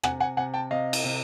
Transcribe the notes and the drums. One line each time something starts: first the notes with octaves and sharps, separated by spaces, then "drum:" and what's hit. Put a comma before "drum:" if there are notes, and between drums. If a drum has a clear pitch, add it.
C3 F#5 G#5, drum: rim click
F#5 G#5
C3 F#5 G#5
G5 A5
C3 D#5 F5
drum: cymbal
C3